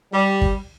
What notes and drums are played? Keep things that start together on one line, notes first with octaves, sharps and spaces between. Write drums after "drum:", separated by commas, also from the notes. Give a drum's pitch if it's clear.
G3
drum: kick